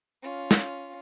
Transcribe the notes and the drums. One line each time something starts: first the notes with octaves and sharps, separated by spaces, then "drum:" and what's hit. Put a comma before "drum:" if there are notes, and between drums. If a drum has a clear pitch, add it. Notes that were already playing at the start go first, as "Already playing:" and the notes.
C#4 F4
drum: snare